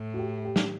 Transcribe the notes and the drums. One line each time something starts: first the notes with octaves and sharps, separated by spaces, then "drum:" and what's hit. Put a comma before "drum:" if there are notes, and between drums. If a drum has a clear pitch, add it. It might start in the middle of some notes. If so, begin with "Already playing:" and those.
Already playing: A2
F#4
G4
G4
drum: snare